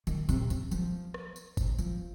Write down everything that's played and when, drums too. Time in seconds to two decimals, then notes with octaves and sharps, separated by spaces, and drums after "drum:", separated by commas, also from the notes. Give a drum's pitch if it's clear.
0.07 D#3, drum: tambourine
0.29 C3, drum: tambourine
0.50 C#3, drum: tambourine
0.71 F3, drum: tambourine
1.14 drum: rim click
1.36 drum: tambourine
1.57 drum: kick, tambourine
1.78 F3, drum: tambourine